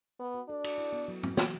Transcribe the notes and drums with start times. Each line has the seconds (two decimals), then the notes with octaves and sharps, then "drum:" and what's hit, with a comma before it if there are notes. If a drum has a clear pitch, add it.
0.19 B3
0.34 F#4
0.48 D4 A4
0.64 F#4, drum: cymbal
0.78 E4
0.93 B3
1.08 F#3
1.23 F#3, drum: tom
1.37 E3, drum: snare